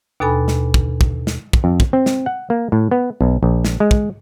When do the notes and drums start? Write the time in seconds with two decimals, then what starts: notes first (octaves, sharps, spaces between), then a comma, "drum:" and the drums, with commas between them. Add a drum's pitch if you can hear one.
0.20 D#2 B2 D4 A4 G#5 B5
0.48 drum: snare
0.74 drum: kick
1.01 drum: kick
1.27 drum: snare
1.53 drum: kick
1.64 F2
1.80 drum: kick
1.93 C4
2.06 drum: snare
2.26 F#5
2.50 A#3
2.72 A2
2.91 B3
3.21 B1
3.43 A#1
3.65 drum: snare
3.80 G#3
3.91 drum: kick